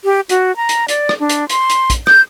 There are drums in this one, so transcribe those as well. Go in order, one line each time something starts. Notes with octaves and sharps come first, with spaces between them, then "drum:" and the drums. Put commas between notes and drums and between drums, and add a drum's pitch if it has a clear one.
G4
F#4, drum: hi-hat
A#5
drum: hi-hat
D5, drum: hi-hat
drum: rim click
D4
drum: hi-hat
C6, drum: hi-hat
drum: hi-hat
drum: kick A#1, hi-hat
G6, drum: rim click